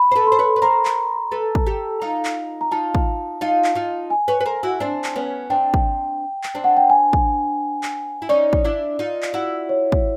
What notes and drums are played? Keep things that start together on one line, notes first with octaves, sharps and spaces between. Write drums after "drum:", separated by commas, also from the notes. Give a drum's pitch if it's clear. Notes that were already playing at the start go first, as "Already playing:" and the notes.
Already playing: B5
C5
A4 B4
C5 C6
B4 C#5
B4
A#4 C5 A#5
drum: clap
A4 B4
drum: kick
G4 A4
D#4 F4
drum: clap
A#5
D#4 F4 A5
drum: kick
D#4 F4
drum: clap
D#4 F4
G#5
B4 C#5
B4
A#4 C5
E4 F#4
C4 D4
drum: clap
B3 C#4
C4 D4 G5
drum: kick
drum: clap
C4 D4
F#5
G5
G#5
drum: kick
drum: clap
E4
C#4 D#4 D5
drum: kick
D4 E4
D#4 F4
drum: clap
E4 F#4
C#5
drum: kick